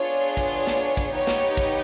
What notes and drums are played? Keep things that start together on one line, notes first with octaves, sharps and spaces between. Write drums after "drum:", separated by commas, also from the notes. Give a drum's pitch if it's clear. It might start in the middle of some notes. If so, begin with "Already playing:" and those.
Already playing: B3 D4 F4 G#4 C#5
drum: kick, hi-hat
C#5
drum: snare
drum: kick, hi-hat
B3 D#4 G4 C#5
drum: snare
drum: kick